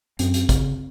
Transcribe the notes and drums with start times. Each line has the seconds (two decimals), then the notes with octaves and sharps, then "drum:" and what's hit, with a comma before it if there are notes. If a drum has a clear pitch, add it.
0.19 F#2 C4, drum: hi-hat
0.34 drum: hi-hat
0.49 C#3, drum: kick, hi-hat